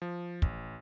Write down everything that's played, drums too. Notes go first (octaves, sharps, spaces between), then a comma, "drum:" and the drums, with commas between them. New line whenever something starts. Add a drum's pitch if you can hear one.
F3
A1, drum: kick